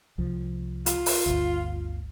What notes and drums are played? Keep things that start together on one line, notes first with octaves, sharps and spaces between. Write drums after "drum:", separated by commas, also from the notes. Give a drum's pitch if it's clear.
C2 F3
F4, drum: hi-hat
drum: open hi-hat
G1 D2